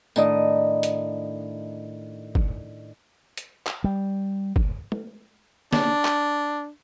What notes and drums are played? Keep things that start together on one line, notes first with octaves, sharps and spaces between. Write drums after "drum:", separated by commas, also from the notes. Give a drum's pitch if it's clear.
A2 D#3 D4 D5 D#5, drum: tambourine
drum: hi-hat
drum: kick
drum: hi-hat
drum: clap
G3
drum: kick
drum: tom
D4, drum: snare
drum: clap